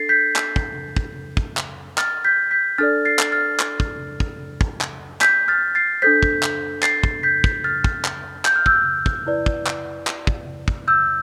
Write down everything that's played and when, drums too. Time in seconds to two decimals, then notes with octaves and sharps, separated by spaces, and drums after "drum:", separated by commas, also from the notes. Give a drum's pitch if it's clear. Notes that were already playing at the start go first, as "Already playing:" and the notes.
Already playing: D4 A4 A6 C7
0.09 G6 B6
0.36 drum: clap
0.56 drum: kick
0.96 drum: kick
1.37 drum: kick
1.57 drum: clap
1.98 F6 A6, drum: clap
2.25 G6 B6
2.51 G6 B6
2.78 D4 A4 D5 F6 A6
3.05 A6 C7
3.19 drum: clap
3.32 F6 A6
3.60 drum: clap
3.80 drum: kick
4.20 drum: kick
4.61 drum: kick
4.81 drum: clap
5.21 G6 B6, drum: clap
5.48 F6 A6
5.75 A6 C7
6.02 D4 A4 C5 G6 B6
6.23 drum: kick
6.43 drum: clap
6.83 A6 C7, drum: clap
7.03 drum: kick
7.23 G6 B6
7.44 drum: kick
7.64 F6 A6
7.84 drum: kick
8.05 drum: clap
8.45 G6, drum: clap
8.56 F6
8.66 E6 G6, drum: kick
9.06 drum: kick
9.27 E4 B4 D5
9.46 drum: kick
9.67 drum: clap
10.07 drum: clap
10.27 drum: kick
10.68 drum: kick
10.88 E6 G6